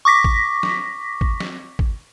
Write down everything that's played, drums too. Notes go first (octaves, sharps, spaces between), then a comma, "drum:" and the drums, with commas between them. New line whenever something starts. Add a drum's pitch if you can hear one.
C#6 D6 A#6 B6
drum: kick
drum: snare
drum: kick
drum: snare
drum: kick